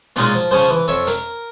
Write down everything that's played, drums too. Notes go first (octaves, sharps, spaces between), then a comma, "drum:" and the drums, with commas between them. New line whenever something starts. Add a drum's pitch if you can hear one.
A#2 F#3 G#3 D#4 F4 G#4, drum: hi-hat
F3
C#3 F3 C#4 G#4 C5
E3
F2 C#5 E5
A#4, drum: hi-hat